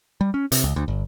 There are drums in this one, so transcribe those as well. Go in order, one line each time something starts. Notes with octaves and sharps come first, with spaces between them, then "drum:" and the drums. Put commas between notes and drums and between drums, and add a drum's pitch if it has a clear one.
G3
C#4
C3, drum: hi-hat
C#2
D2
G1